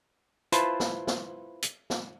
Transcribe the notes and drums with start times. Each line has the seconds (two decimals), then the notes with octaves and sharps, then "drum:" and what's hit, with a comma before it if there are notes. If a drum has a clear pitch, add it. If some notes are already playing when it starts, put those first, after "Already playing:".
0.52 E4 F4 B4 C5 A5, drum: hi-hat
0.80 drum: snare
1.07 drum: snare
1.62 drum: hi-hat
1.90 drum: snare